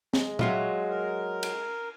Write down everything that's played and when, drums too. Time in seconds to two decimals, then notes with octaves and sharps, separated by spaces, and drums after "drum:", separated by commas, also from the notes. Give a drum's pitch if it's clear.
0.13 G#3, drum: snare C4
0.39 F#3 F4 E5, drum: tom A#2
0.89 A#4
1.43 drum: cymbal